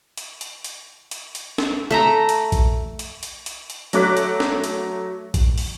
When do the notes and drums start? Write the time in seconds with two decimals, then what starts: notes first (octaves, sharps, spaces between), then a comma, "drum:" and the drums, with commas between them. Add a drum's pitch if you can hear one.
0.17 drum: hi-hat
0.41 drum: hi-hat
0.64 drum: hi-hat
1.11 drum: hi-hat
1.35 drum: hi-hat
1.58 drum: snare
1.91 A3 E5 A#5
2.29 drum: hi-hat
2.52 drum: kick A#1, hi-hat
2.99 drum: hi-hat
3.23 drum: hi-hat
3.46 drum: hi-hat
3.70 drum: hi-hat
3.93 F#3 A3 C#5 D6 F#6 B6, drum: hi-hat
4.17 drum: hi-hat
4.40 drum: snare
4.64 drum: hi-hat
5.34 drum: kick A#1, hi-hat
5.58 drum: open hi-hat